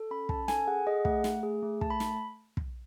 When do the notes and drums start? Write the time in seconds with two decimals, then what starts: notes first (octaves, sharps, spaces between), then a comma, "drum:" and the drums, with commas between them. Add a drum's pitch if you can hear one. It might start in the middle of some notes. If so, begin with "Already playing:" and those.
Already playing: A4
0.11 C#4 B5
0.29 C#4 A5, drum: kick
0.48 A4 G#5, drum: snare
0.68 G#4 F#5
0.87 G#4 D#5
1.05 A3 F#5, drum: kick
1.24 A3, drum: snare
1.43 G#4
1.63 A3
1.81 A3 A5, drum: kick
1.90 B5
2.00 drum: snare
2.57 drum: kick